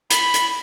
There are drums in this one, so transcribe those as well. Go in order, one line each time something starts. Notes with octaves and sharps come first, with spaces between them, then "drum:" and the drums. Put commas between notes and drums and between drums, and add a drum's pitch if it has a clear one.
B5, drum: hi-hat
drum: hi-hat